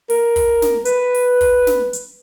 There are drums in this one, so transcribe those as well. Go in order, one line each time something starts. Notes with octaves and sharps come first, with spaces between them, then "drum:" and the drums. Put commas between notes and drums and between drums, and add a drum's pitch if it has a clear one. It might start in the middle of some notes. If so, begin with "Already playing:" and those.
A#4, drum: open hi-hat
drum: kick, open hi-hat
drum: snare
B4, drum: hi-hat
drum: open hi-hat
drum: kick, open hi-hat
drum: snare
drum: hi-hat